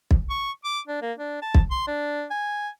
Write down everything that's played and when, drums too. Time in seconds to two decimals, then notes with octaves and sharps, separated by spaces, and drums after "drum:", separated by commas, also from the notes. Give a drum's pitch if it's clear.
0.11 drum: kick
0.30 C#6
0.65 D6
0.88 D4
1.02 A#3
1.19 D4
1.42 A5
1.55 drum: kick
1.71 C6
1.87 D4
2.31 G#5